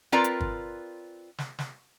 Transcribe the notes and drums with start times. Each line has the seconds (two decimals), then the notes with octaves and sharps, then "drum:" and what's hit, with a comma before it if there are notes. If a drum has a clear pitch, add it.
0.12 C4 F4 A#4 B4 D5 A#5
0.24 drum: hi-hat
0.40 drum: kick G1
1.38 drum: snare
1.59 drum: snare